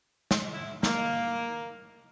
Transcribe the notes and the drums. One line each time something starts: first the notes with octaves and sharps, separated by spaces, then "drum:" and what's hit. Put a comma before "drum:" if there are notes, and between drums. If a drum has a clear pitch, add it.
drum: snare
E4
A#3, drum: snare